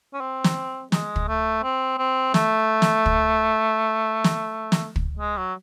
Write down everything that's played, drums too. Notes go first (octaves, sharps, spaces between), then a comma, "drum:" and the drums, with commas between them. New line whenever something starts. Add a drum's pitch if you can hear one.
C#4
C4
drum: snare
G#3, drum: snare
drum: kick
A3
C4
C4
A3, drum: snare
drum: snare
drum: kick
drum: snare
drum: snare
drum: kick
G#3
F#3